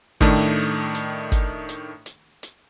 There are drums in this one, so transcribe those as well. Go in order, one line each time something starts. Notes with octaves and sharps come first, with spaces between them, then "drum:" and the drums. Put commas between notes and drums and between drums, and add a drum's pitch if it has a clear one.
A2 D#3 A3 D4, drum: kick G1, hi-hat
drum: hi-hat
drum: kick G1, hi-hat
drum: hi-hat
drum: hi-hat
drum: hi-hat